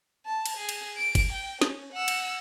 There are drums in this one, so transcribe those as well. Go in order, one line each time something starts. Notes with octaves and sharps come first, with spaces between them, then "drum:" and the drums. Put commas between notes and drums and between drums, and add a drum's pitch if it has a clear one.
A5
drum: cymbal
G#4
drum: cymbal
D7
drum: kick, cymbal
G5
C#4, drum: snare
F#5 E6
drum: cymbal